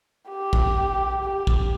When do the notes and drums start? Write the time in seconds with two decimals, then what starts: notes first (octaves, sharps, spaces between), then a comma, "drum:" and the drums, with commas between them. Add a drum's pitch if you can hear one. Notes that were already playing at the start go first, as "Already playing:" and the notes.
0.29 G4
0.53 drum: kick
1.24 G4
1.47 drum: kick